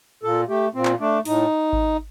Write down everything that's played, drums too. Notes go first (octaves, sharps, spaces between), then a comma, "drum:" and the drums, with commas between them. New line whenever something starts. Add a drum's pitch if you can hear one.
A#2 A4
A3 G4
A#2 C4
drum: clap
A3 D4
A2 D#4, drum: open hi-hat
drum: kick G#1